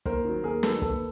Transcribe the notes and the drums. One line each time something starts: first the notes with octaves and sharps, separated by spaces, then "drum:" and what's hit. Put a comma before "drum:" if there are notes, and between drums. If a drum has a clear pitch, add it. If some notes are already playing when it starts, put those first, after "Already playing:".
D#2 A#4 C5, drum: kick
D#3 F#3
D#2 G#4 A#4
D#3 F#3 A4 B4, drum: snare
D#2 A4 B4, drum: kick